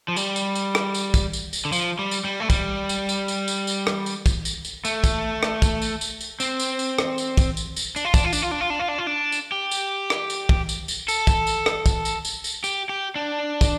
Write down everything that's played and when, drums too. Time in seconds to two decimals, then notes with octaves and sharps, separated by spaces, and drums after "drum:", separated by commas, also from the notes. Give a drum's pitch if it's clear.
0.08 F3
0.16 G3, drum: tambourine
0.36 drum: tambourine
0.55 drum: tambourine
0.75 drum: rim click
0.94 drum: tambourine
1.14 drum: kick, tambourine
1.33 drum: tambourine
1.53 drum: tambourine
1.65 D3
1.72 F3, drum: tambourine
1.99 G3
2.11 drum: tambourine
2.24 G3
2.40 A3
2.50 G3, drum: kick, tambourine
2.89 drum: tambourine
3.09 drum: tambourine
3.28 drum: tambourine
3.48 drum: tambourine
3.67 drum: tambourine
3.87 drum: rim click
4.06 drum: tambourine
4.26 drum: kick, tambourine
4.45 drum: tambourine
4.65 drum: tambourine
4.85 A3, drum: tambourine
5.04 drum: kick, tambourine
5.43 drum: rim click
5.62 drum: kick, tambourine
5.82 drum: tambourine
6.01 drum: tambourine
6.21 drum: tambourine
6.40 C4, drum: tambourine
6.60 drum: tambourine
6.79 drum: tambourine
6.99 drum: rim click
7.18 drum: tambourine
7.37 drum: kick, tambourine
7.57 drum: tambourine
7.76 drum: tambourine
7.96 D4, drum: tambourine
8.05 F4
8.14 D4, drum: kick, tambourine
8.24 F4
8.33 D4, drum: tambourine
8.42 F4
8.51 D4
8.61 F4
8.70 D4
8.79 F4
8.88 D4
8.98 F4
9.07 D4
9.32 drum: tambourine
9.52 G4
9.71 drum: tambourine
10.10 drum: rim click
10.30 drum: tambourine
10.49 drum: kick
10.69 drum: tambourine
10.88 drum: tambourine
11.08 A4, drum: tambourine
11.27 drum: kick, tambourine
11.47 drum: tambourine
11.66 drum: rim click
11.86 drum: kick, tambourine
12.05 drum: tambourine
12.25 drum: tambourine
12.44 drum: tambourine
12.64 G4, drum: tambourine
12.89 G4
13.16 D4
13.61 drum: kick, tambourine